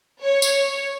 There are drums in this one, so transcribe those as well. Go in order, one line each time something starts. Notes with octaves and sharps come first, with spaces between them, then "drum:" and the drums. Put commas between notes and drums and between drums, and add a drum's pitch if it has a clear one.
C#5
drum: tambourine